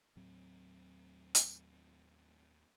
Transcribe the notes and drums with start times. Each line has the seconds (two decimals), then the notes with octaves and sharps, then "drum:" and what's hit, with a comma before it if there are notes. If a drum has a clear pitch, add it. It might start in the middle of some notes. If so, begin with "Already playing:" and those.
0.16 D#2 A2 F#3 C4
1.35 drum: hi-hat